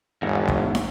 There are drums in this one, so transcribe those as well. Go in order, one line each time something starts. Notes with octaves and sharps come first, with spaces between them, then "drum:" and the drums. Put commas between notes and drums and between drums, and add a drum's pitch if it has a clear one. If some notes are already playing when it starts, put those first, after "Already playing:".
G1 E2 G#2
drum: kick
drum: snare